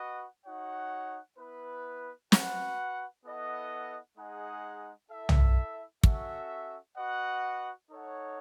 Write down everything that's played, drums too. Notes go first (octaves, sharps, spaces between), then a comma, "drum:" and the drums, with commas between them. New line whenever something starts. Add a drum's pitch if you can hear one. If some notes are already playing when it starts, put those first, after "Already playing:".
Already playing: F#4 B4 D#5 F#5
D#4 F#4 C#5 F#5
B3 E4 B4
F#4 B4 F#5, drum: snare
B3 E4 A4 D#5 F#5
G#3 D#4 G#4 D#5 F#5
E4 A4 E5
drum: tom
C#4 F#4 A4 E5, drum: kick
F#4 B4 D#5 F#5
D#4 A4 C#5 F#5